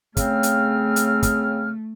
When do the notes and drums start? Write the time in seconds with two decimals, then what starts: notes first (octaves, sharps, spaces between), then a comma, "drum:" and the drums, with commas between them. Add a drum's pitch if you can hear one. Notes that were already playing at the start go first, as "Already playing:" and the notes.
0.17 C#3 A3 C4 F6, drum: kick, hi-hat
0.43 drum: hi-hat
0.96 drum: hi-hat
1.23 drum: kick, hi-hat